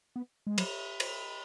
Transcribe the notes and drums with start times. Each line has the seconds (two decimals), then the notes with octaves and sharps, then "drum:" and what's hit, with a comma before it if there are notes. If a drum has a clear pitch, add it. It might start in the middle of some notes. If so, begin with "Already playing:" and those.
0.16 B3
0.47 G#3
0.58 F#3, drum: cymbal
1.00 drum: cymbal